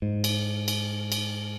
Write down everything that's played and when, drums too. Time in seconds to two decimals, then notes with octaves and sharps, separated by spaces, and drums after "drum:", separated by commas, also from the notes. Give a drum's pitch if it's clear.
0.02 G#2
0.24 drum: cymbal
0.68 drum: cymbal
1.12 drum: cymbal